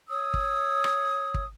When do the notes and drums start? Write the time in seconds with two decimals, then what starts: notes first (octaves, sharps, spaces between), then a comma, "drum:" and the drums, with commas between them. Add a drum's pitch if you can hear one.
0.08 C#5 D#6 E6
0.34 drum: kick
0.84 drum: rim click
1.34 drum: kick